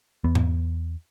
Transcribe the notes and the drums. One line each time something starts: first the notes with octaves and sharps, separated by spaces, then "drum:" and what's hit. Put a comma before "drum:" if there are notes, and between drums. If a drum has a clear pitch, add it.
E2 B3
drum: tom G#2